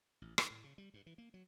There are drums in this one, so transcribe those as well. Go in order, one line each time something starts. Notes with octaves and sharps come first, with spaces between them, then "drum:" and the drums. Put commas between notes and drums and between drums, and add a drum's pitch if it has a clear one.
A1
D#3, drum: rim click
A2
C#3
G3
G2
E3
A#3
F#3